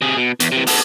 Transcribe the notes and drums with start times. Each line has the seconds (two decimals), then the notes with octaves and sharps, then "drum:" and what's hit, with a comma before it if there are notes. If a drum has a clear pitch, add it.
0.01 C3 G#4
0.16 B2
0.40 E2, drum: hi-hat
0.52 C3 E3
0.67 B3 A4, drum: open hi-hat